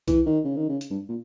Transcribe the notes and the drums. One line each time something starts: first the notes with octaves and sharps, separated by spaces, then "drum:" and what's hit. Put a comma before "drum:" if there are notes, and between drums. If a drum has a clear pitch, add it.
E3, drum: kick B1, hi-hat
D#3
C#3
D#3
C#3
drum: hi-hat
G2
A#2